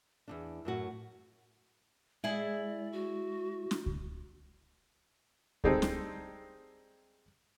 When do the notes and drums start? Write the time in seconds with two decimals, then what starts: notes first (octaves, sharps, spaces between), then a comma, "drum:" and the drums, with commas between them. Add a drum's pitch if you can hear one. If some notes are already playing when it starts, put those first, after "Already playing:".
0.28 E2 G#2 D4
0.65 F#2 A2 F#4
2.24 G#3 E4 G#4 D5
2.93 F#4
3.71 drum: snare
3.86 drum: kick C#2
5.64 G3 G#3 C4 D#4 A4, drum: kick C#2
5.82 drum: snare